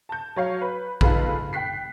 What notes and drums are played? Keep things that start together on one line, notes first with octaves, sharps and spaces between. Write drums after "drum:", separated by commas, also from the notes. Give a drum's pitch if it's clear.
A5 G6
F#3 C#5 F5
B4
D#4 F4 G#4 A4 B4, drum: kick A#1
G5 F#6 B6 C7